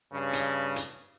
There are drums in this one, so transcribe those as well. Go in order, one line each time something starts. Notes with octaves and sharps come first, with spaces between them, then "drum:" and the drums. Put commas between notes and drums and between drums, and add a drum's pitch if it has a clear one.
G2 C#3
drum: hi-hat
drum: hi-hat